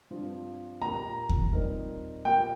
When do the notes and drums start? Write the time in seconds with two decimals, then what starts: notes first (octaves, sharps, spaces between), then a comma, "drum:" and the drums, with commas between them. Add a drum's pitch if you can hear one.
0.10 G2 F3 C4 F4
0.81 A#2 A#3 G4 A#5
1.29 drum: kick D#2
1.53 A#2 G3 C4 D#4 A#4
2.25 A#2 F3 A#3 G4 A#4 G5